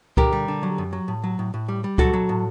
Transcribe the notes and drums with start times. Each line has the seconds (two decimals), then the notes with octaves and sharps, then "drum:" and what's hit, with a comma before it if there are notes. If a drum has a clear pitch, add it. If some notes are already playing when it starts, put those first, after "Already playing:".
0.17 D3 G4 A#4, drum: kick C#2
0.32 G3
0.48 D3
0.63 F#3
0.78 F#2
0.93 F#3
1.08 A2
1.24 F#3
1.39 A2
1.54 A2
1.68 G3
1.84 G3
1.98 F#3 F#4 A4, drum: kick C#2
2.13 F#3
2.29 A2